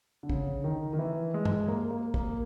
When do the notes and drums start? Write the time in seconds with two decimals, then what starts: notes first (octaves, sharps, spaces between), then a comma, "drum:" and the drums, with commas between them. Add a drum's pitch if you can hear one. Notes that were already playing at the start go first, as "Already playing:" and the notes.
0.23 D3
0.29 C#3, drum: kick
0.64 D#3
0.93 D#3
0.99 E3
1.34 G#3
1.45 drum: tom G2
1.68 A#3
1.91 A#3
2.14 A#3, drum: kick